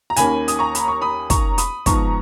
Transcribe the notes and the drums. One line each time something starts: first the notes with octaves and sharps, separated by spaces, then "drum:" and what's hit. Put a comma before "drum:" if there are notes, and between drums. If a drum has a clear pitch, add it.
A#5
D#2 D#3 A#3 C#4 G#5 B5, drum: hi-hat
D#6, drum: hi-hat
A#5 C#6
B5, drum: hi-hat
C#6
B5 D#6
A#5 C#6, drum: kick, hi-hat
B5 D#6, drum: hi-hat
G#2 F3 B3 A#5 C#6, drum: kick, hi-hat